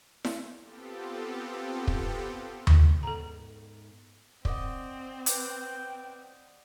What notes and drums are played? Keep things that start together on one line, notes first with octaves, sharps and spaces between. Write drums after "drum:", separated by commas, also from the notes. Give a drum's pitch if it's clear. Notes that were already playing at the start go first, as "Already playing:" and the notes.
drum: snare E4
B3 C4 F4 G4 A4
drum: kick
drum: tom D#2
G#2 B3 A4 A#5
C4 D5 D#5 F#5, drum: kick
B4 G5 D6, drum: hi-hat